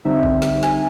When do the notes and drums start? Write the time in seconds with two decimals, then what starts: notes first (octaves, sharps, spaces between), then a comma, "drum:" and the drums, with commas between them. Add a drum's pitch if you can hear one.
0.05 D3 G3 C4 D#4 E5
0.23 drum: kick A1
0.42 drum: snare
0.63 G#5, drum: snare